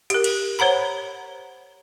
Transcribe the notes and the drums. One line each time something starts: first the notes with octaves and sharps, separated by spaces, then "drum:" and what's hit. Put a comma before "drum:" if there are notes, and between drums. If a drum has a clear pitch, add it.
G4 A#4, drum: hi-hat
drum: cymbal
C5 C#5 F#5 A#5 B5